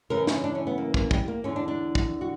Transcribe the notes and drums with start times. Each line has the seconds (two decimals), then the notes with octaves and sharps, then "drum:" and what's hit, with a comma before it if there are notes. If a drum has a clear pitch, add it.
0.10 F#2 C#3 E3 A#4
0.27 C#4, drum: snare
0.44 D4
0.55 C#4
0.67 B3
0.78 A#3
0.94 A#3, drum: kick
1.11 G3, drum: kick
1.28 A#3
1.44 E2 D3 C#4
1.56 D4
1.68 D4
1.95 drum: kick
2.21 F#4